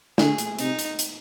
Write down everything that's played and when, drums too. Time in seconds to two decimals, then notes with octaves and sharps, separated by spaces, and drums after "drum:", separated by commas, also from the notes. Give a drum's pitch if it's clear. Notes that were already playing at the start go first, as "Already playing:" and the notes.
0.18 D3 G#4, drum: snare
0.38 drum: hi-hat
0.59 C3 D#4, drum: hi-hat
0.79 drum: hi-hat
0.99 drum: hi-hat